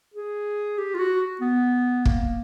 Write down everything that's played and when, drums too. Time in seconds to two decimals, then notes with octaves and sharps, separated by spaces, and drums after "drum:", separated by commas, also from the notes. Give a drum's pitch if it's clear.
0.14 G#4
0.78 G4
0.95 F4
0.99 F#4
1.41 B3
2.05 A#3, drum: kick